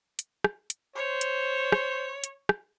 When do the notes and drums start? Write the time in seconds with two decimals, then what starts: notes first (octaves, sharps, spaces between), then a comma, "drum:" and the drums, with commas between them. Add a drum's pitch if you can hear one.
0.19 drum: hi-hat
0.44 drum: rim click
0.70 drum: hi-hat
0.96 C5 C#5
1.21 drum: hi-hat
1.72 drum: rim click
2.24 drum: hi-hat
2.49 drum: rim click